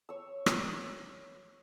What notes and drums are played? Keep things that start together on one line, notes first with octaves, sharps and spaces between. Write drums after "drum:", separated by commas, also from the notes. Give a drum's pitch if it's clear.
C#5 E6
drum: rim click